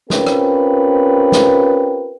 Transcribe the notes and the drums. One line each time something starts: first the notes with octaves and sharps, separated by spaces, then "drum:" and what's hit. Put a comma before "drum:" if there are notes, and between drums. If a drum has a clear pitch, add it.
C4 C#4 F4 G4 A#4 B4, drum: snare
drum: rim click
drum: snare